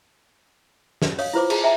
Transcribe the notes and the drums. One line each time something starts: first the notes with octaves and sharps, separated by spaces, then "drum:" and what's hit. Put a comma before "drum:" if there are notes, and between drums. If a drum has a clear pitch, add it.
drum: snare
C#5 F5 D#6, drum: open hi-hat
E4 F4 B4 C5 D6
G#4 A5 A#5, drum: cymbal
E5 G5 A5 A#5